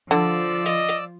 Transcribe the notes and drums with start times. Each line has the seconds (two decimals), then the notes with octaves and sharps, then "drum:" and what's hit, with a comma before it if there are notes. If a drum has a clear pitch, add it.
0.11 D3 F3 D5 E6
0.66 D#5, drum: hi-hat
0.89 drum: hi-hat